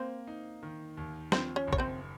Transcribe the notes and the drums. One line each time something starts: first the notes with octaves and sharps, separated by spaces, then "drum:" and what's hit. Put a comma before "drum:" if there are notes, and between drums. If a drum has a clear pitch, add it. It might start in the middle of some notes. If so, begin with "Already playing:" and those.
Already playing: A#3 C4 C5
D#4
D#3
D#2
F3 C4 C5, drum: snare
C#4 C#5
F#1
C#5, drum: kick A#1
C4 C5